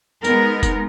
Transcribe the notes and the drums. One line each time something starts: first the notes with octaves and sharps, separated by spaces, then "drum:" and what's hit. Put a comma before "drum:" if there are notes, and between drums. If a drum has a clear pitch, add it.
G#3 B3 D#4 A#4, drum: tambourine
drum: kick F1, tambourine